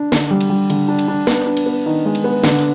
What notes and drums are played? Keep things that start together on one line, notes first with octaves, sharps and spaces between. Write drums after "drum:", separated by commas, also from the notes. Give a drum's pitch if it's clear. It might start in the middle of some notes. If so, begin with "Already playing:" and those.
Already playing: D4
D3, drum: snare
G3
drum: cymbal
G3
D3, drum: cymbal
D4
drum: cymbal
D4
B3, drum: snare
D4
drum: cymbal
B3
D#3
G#3
drum: cymbal
B3
D3, drum: snare
drum: cymbal